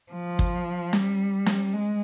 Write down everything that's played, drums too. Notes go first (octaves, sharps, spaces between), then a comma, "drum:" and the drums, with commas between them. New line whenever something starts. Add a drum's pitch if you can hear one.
F3
drum: kick
G3, drum: snare
drum: snare
G#3